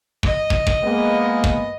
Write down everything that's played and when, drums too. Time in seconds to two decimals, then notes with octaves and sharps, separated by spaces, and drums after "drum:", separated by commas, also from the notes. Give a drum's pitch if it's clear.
0.23 D#5, drum: kick
0.50 drum: kick
0.67 drum: kick
0.83 G#3 A#3 B3
1.44 drum: kick